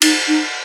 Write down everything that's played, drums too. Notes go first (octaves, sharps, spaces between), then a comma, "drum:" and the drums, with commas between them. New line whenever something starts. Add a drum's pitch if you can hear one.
D#4, drum: cymbal
D#4